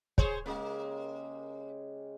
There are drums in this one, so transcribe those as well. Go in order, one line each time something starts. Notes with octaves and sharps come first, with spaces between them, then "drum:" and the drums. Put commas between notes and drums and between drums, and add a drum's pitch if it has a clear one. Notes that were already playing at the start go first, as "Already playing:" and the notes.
G#4 C5 C#5, drum: kick
C#3 G#3 A#3 G4